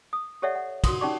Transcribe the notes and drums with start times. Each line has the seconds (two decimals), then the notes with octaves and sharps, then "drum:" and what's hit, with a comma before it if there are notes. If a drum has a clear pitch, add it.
0.13 D#6
0.42 G4 A4 C#5 D5 E5 F#5
0.55 F#5
0.84 F#4 A#4 C6 D#6, drum: kick, cymbal
1.01 C#4 D#4 G4 D5 C#6 D6